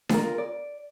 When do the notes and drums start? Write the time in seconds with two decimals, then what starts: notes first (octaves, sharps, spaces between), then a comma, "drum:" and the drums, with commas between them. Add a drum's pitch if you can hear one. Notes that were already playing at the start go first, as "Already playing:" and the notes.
0.09 F4 A#4, drum: snare D4
0.38 D5